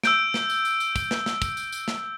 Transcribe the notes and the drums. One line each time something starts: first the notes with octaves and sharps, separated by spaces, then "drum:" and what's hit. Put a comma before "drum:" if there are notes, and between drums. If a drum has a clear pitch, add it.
E6 G6 D7, drum: snare
drum: snare
drum: tambourine
drum: tambourine
drum: tambourine
drum: kick, tambourine
drum: snare
drum: snare
drum: kick, tambourine
drum: tambourine
drum: tambourine
drum: snare